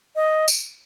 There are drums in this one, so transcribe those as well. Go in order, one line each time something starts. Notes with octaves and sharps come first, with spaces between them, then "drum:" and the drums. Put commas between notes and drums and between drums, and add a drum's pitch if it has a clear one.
D#5
drum: tambourine